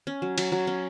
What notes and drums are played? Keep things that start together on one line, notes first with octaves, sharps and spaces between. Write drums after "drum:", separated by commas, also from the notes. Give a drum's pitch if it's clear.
C#4
F#3
F#3, drum: cymbal
F#3
C#4